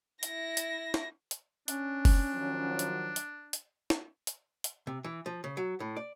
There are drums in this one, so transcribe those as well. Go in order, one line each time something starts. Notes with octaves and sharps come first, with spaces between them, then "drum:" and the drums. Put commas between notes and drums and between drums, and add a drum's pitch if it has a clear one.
E4 A#6, drum: hi-hat
drum: hi-hat
drum: snare
drum: hi-hat
C#4 D4, drum: hi-hat
drum: kick F#1, open hi-hat
D#3 F3 F#3
drum: hi-hat
drum: hi-hat
drum: hi-hat
drum: snare
drum: hi-hat
drum: hi-hat
C3
E3
F3
C#3
F#3
A2
D5